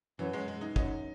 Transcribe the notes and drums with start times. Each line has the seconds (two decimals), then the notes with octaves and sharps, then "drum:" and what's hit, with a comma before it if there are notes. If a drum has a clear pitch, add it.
0.19 F#2 E3
0.33 G#3
0.48 G#3
0.61 D#4
0.76 F#2 D#4, drum: kick